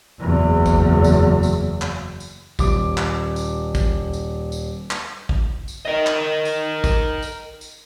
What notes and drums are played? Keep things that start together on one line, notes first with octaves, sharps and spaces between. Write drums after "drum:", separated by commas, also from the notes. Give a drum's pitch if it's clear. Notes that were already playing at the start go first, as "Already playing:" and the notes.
F#1 E2
drum: kick, tambourine
drum: tambourine
drum: tambourine
drum: clap
drum: tambourine
D#1 D6, drum: kick, tambourine
drum: clap
drum: tambourine
drum: kick, tambourine
drum: tambourine
drum: tambourine
drum: clap
drum: kick
drum: tambourine
A#4 D#5
drum: clap
drum: tambourine
drum: kick, tambourine
drum: tambourine
drum: tambourine